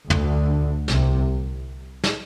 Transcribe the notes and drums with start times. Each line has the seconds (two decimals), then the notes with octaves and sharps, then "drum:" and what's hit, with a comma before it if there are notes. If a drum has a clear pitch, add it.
0.10 D2 D3, drum: tom
0.88 C2 C3, drum: snare
2.04 drum: snare